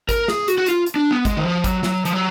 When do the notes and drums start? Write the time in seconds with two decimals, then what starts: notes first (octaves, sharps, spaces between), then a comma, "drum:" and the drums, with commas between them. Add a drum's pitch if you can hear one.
0.09 A#4, drum: kick G#1, hi-hat
0.28 G#4, drum: snare
0.48 F#4, drum: hi-hat
0.58 F#4
0.66 F4, drum: hi-hat
0.86 drum: hi-hat
0.96 D4
1.11 B3
1.25 G#3, drum: kick G#1, hi-hat
1.37 D#3
1.45 F3
1.64 F#3, drum: kick G#1, hi-hat
1.83 F#3, drum: snare
2.05 F3, drum: hi-hat
2.13 F#3